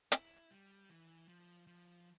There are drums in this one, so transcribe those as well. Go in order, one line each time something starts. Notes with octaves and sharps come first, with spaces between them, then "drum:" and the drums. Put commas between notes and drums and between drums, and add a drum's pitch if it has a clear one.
E4, drum: hi-hat
G3
E3
F3
F3